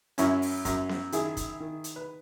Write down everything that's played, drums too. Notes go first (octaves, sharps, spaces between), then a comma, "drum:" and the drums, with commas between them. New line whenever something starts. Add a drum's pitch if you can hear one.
F#2 C#4 E4, drum: hi-hat
drum: open hi-hat
F#2, drum: kick, hi-hat
drum: snare B3
D#3 E4 G#4, drum: hi-hat
drum: kick, hi-hat
D#3
drum: hi-hat
B4